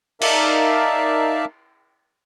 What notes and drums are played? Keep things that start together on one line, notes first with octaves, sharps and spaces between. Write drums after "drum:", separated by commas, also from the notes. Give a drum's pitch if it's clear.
D#4 A#4 D5 E5 F5 A5, drum: cymbal